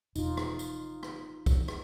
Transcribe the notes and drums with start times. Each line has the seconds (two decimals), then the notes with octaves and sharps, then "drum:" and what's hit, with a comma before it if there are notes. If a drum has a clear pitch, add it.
0.16 E1 D#4 F4, drum: tambourine
0.37 drum: rim click
0.59 drum: tambourine
1.03 drum: rim click
1.46 drum: kick, tambourine
1.68 drum: rim click